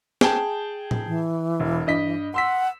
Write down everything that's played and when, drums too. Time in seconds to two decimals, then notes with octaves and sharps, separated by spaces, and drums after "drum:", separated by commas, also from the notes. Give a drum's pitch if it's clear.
0.21 G#4 G5 A5, drum: snare
0.91 drum: tom A2
1.07 E3
1.60 E1
1.87 G2 D#5 B6
2.34 F#5 C6 E6 B6